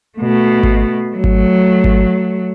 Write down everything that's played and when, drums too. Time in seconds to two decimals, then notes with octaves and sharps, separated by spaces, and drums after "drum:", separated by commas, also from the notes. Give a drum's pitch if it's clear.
0.18 B2 A3
0.64 drum: kick G#1
1.13 F#3 A3
1.24 drum: kick G#1
1.84 drum: kick G#1